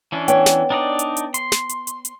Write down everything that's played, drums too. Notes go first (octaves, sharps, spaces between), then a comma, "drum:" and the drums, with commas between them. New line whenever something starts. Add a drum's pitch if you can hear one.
E3 C#4 D4
B3 C#5 G5, drum: hi-hat
drum: snare
D4 D#4 D5
drum: hi-hat
drum: hi-hat
C6, drum: hi-hat
drum: snare
drum: hi-hat
drum: hi-hat
drum: hi-hat